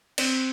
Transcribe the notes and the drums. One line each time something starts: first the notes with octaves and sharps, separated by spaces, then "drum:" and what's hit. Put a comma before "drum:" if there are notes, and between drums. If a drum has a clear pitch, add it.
C4, drum: cymbal